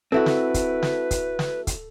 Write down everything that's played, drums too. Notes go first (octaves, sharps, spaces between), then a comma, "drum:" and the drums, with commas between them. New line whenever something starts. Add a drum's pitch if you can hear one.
C4 E4 F#4 A4 B4
drum: snare
drum: kick, hi-hat
drum: snare
drum: kick, hi-hat
drum: snare
drum: kick, hi-hat